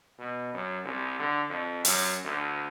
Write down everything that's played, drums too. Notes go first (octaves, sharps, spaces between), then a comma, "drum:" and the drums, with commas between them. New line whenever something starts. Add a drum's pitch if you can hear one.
B2
F#2
C2
D3
F2
F#2, drum: open hi-hat
D2